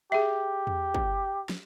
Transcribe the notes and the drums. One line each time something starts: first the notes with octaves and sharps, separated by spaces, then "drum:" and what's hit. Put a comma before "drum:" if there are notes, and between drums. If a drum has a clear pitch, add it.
G4 G#4 E5
drum: tom E2
drum: kick
drum: snare